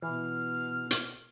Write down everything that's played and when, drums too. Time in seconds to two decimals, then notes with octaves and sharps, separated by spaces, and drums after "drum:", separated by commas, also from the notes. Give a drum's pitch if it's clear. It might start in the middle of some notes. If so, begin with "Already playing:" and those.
0.02 B2 E3 F6
0.91 drum: hi-hat